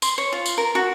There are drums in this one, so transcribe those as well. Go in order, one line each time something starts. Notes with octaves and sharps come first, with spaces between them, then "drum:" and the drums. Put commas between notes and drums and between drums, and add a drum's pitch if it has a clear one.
C6, drum: tambourine
C#5
F4
drum: tambourine
A#4
F#4